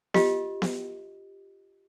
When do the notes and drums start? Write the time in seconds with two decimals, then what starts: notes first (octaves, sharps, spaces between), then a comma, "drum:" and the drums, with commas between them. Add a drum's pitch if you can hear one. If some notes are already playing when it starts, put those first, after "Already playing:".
0.14 F4 G4 D#5, drum: snare B3
0.62 drum: snare B3